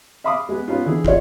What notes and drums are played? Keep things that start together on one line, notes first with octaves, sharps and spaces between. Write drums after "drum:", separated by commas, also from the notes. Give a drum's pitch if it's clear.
E5 F5 B5 D6 D#6
G#3 B3
B3 C#4 D#4 F4
D3 E3 G#4
F4 C#5, drum: kick